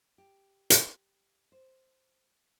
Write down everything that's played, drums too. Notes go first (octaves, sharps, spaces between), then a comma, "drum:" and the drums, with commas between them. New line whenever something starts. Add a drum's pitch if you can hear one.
G4
drum: hi-hat
C5